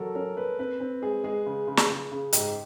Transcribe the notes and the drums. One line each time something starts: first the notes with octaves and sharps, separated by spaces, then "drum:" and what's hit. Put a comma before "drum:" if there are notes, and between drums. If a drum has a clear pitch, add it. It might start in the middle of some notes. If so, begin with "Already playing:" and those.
Already playing: F#3 A4 A#4
C#4 A#4
A#3 B4
C4 B4
C4
G#3 G#4
G#3 G#4
C#3
C#3
drum: snare
C#3
C#3
G#2 G4, drum: hi-hat